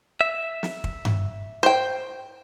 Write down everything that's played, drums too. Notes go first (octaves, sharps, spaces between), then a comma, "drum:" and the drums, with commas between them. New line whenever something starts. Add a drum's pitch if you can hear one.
E5
drum: snare
drum: kick
drum: tom G2
C5 G5